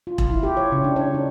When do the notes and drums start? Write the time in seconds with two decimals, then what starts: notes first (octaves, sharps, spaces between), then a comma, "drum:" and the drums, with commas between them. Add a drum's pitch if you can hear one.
0.07 F4
0.18 drum: kick E1
0.30 E4
0.43 G4
0.57 C#5
0.72 C#3
0.84 D4
0.96 C#5
1.14 D#4